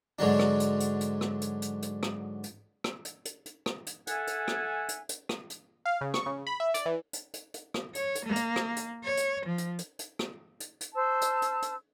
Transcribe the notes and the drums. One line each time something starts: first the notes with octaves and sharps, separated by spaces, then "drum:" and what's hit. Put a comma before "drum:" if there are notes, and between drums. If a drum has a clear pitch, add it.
G#2 D3 F#3 D4
drum: rim click
drum: hi-hat
drum: hi-hat
drum: hi-hat
drum: rim click
drum: hi-hat
drum: hi-hat
drum: hi-hat
drum: rim click
drum: hi-hat
drum: rim click
drum: hi-hat
drum: hi-hat
drum: hi-hat
drum: rim click
drum: hi-hat
A4 E5 F#5 G#5, drum: hi-hat
drum: hi-hat
drum: rim click
drum: hi-hat
drum: hi-hat
drum: rim click
drum: hi-hat
F5
C#3
C#6, drum: rim click
C#3
B5
E5
D5, drum: hi-hat
E3
drum: hi-hat
drum: hi-hat
drum: hi-hat
drum: rim click
C#5, drum: hi-hat
drum: hi-hat
A#3
drum: hi-hat
drum: rim click
drum: hi-hat
C#5
drum: hi-hat
F3
drum: hi-hat
drum: hi-hat
drum: hi-hat
drum: rim click
drum: hi-hat
drum: hi-hat
C5 A5 E6
drum: hi-hat
drum: hi-hat
drum: hi-hat